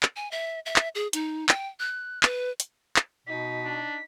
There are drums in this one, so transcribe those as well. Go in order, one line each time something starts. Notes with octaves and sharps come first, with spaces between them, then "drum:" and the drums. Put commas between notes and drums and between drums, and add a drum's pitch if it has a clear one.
drum: clap
G#5
E5
E5
drum: clap
G#4
D#4, drum: hi-hat
G5, drum: clap
F#6
B4, drum: clap
drum: hi-hat
drum: clap
B2 D#4 B6
D4